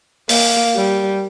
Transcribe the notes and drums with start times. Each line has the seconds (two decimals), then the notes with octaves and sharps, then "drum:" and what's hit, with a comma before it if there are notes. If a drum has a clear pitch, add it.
0.29 A#3, drum: open hi-hat
0.75 G3